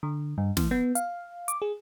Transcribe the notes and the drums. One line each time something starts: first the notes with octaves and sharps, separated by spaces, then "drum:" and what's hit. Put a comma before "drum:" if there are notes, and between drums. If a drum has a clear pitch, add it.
D3
G2
E3, drum: snare
B3
F5, drum: hi-hat
D6, drum: hi-hat
G#4